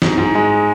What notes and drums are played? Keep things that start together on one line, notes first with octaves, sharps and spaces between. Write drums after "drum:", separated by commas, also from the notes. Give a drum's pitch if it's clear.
G#2, drum: snare
G#2
G#3